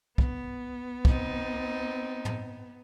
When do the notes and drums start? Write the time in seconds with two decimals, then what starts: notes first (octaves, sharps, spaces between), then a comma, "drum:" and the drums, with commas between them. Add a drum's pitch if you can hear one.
0.18 B3, drum: kick
1.05 C4 D#4, drum: kick
2.25 drum: tom